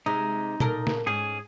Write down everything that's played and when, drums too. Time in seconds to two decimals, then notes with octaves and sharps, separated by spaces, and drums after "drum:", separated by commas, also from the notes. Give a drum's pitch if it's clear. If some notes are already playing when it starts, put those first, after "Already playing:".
0.06 C3 G#3 D#4
0.60 A#2 A4 A#4, drum: tom
0.87 drum: snare
1.07 G#2 C#4 G#4